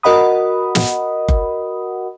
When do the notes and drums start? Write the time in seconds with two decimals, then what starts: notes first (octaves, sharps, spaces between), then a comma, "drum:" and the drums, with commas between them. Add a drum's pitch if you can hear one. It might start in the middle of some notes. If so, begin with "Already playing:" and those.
0.03 F#4 A#4 D#5 F#5 B5 D#6
0.75 drum: snare
1.28 drum: kick F#1